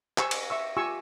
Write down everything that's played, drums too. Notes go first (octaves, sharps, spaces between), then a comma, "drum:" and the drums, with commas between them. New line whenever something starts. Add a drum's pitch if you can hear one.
G4 C5 G#5 C#6 E6, drum: clap
drum: cymbal
E5 C#6 E6
F4 G4 G#5 C#6 E6